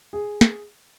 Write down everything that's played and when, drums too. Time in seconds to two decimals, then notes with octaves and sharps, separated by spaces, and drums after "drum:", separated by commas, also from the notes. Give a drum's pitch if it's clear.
0.13 G#4
0.41 drum: snare